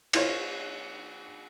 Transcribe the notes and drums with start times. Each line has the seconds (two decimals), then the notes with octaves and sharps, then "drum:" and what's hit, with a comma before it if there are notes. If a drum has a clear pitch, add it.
0.13 E4 F4 C5 C#5, drum: cymbal